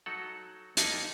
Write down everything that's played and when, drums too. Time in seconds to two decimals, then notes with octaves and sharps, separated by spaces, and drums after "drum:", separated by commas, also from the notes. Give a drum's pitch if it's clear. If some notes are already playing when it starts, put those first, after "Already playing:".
0.06 F#3 D#4 A4 F#5
0.77 F2 A#3 D#4 A4, drum: hi-hat